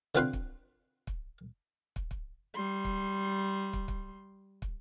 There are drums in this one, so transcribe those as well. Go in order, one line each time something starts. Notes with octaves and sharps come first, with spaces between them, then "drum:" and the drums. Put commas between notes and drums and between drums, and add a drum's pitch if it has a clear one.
D3 C4 F4 B4 G5 C6
drum: kick
drum: kick
drum: kick
drum: kick
G3 C6
drum: kick
drum: kick
drum: kick
drum: kick